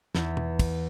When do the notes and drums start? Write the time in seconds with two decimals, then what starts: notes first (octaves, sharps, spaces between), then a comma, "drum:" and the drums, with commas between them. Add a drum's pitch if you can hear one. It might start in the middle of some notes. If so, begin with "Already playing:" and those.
0.15 E2, drum: snare
0.37 drum: tom
0.59 drum: kick, cymbal